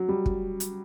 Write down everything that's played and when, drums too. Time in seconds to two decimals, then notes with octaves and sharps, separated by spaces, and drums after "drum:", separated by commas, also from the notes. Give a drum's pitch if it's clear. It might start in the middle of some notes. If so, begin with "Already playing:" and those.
Already playing: F#3
0.09 G3
0.26 drum: kick
0.60 drum: hi-hat